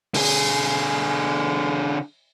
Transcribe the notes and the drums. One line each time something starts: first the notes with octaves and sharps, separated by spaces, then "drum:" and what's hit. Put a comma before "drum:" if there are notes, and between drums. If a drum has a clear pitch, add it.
D3 G#4, drum: open hi-hat